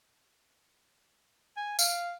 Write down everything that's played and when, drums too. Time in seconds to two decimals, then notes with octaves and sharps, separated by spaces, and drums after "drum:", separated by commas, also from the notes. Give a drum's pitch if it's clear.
1.57 G#5
1.79 F5, drum: tambourine